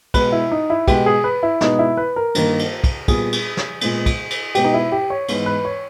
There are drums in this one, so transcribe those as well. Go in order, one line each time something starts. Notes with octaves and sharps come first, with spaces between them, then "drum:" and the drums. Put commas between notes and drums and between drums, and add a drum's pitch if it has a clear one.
B2 G#3 B3 B4, drum: kick, cymbal
E4
D#4
E4
B2 G#3 B3 G4, drum: kick, cymbal
G#4
B4
E4
B2 G#3 B3 D#4, drum: snare
E4
B4
A#4
G2 D#3 A#3, drum: cymbal
drum: cymbal
drum: kick, cymbal
A#2 G3 B3 G#4, drum: kick, cymbal
drum: cymbal
drum: snare
A#2 G#3 B3, drum: cymbal
drum: kick, cymbal
drum: cymbal
B2 G#3 B3 G4, drum: cymbal
D#4
E4
G4
C#5
G#2 E3 G#3 B3, drum: cymbal
B4
C#5